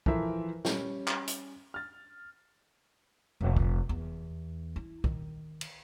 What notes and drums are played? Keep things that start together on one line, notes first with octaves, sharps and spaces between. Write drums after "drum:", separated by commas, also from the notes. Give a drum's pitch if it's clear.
E3 F3 A4 A#4 C5 E5, drum: kick
G3 C#4, drum: snare
drum: clap
drum: hi-hat
F6 A6
F1
drum: kick
E2
E4
D#3, drum: kick
drum: cymbal